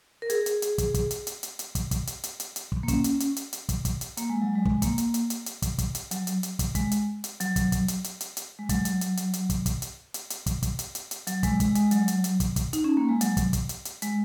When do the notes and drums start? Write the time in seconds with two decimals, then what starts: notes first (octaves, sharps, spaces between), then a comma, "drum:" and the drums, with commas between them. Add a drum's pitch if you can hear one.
0.22 A#4
0.30 G#4, drum: hi-hat
0.46 drum: hi-hat
0.62 drum: hi-hat
0.78 drum: kick, hi-hat
0.94 drum: kick, hi-hat
1.11 drum: hi-hat
1.27 drum: hi-hat
1.43 drum: hi-hat
1.59 drum: hi-hat
1.75 drum: kick, hi-hat
1.91 drum: kick, hi-hat
2.07 drum: hi-hat
2.24 drum: hi-hat
2.40 drum: hi-hat
2.56 drum: hi-hat
2.72 drum: kick
2.83 A#3
2.88 C#4, drum: kick, hi-hat
3.04 drum: hi-hat
3.20 drum: hi-hat
3.36 drum: hi-hat
3.53 drum: hi-hat
3.69 drum: kick, hi-hat
3.85 drum: kick, hi-hat
4.01 drum: hi-hat
4.17 A#3, drum: hi-hat
4.29 G#3
4.42 F#3
4.55 G#3
4.66 drum: kick
4.82 A#3, drum: kick, hi-hat
4.98 drum: hi-hat
5.14 drum: hi-hat
5.30 drum: hi-hat
5.46 drum: hi-hat
5.62 drum: kick, hi-hat
5.79 drum: kick, hi-hat
5.95 drum: hi-hat
6.11 F#3, drum: hi-hat
6.27 drum: hi-hat
6.43 drum: hi-hat
6.59 drum: kick, hi-hat
6.75 G#3, drum: kick, hi-hat
6.91 drum: hi-hat
7.24 drum: hi-hat
7.40 F#3, drum: hi-hat
7.56 drum: kick, hi-hat
7.72 drum: kick, hi-hat
7.88 drum: hi-hat
8.04 drum: hi-hat
8.21 drum: hi-hat
8.37 drum: hi-hat
8.59 G#3
8.69 F#3, drum: kick, hi-hat
8.85 drum: hi-hat
9.01 drum: hi-hat
9.17 drum: hi-hat
9.33 drum: hi-hat
9.50 drum: kick, hi-hat
9.66 drum: kick, hi-hat
9.82 drum: hi-hat
10.14 drum: hi-hat
10.30 drum: hi-hat
10.46 drum: kick, hi-hat
10.63 drum: kick, hi-hat
10.79 drum: hi-hat
10.95 drum: hi-hat
11.11 drum: hi-hat
11.27 F#3, drum: hi-hat
11.43 G#3, drum: kick, hi-hat
11.60 G#3, drum: kick, hi-hat
11.75 G#3, drum: hi-hat
11.91 F#3, drum: hi-hat
12.08 drum: hi-hat
12.24 drum: hi-hat
12.40 drum: kick, hi-hat
12.56 drum: kick, hi-hat
12.73 D#4, drum: hi-hat
12.84 C#4
12.97 A#3
13.09 G#3
13.21 F#3, drum: hi-hat
13.37 drum: kick, hi-hat
13.53 drum: kick, hi-hat
13.69 drum: hi-hat
13.85 drum: hi-hat
14.02 G#3, drum: hi-hat